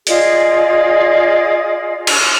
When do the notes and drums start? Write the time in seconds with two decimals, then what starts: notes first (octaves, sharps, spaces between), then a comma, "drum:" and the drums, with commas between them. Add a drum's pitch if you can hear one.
0.07 F4 G#4 D5 D#5, drum: hi-hat
2.07 drum: cymbal